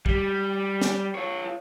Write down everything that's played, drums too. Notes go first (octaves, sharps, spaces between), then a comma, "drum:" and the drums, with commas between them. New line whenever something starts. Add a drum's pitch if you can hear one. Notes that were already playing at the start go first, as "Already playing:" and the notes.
G3, drum: kick
drum: snare
F4 C#5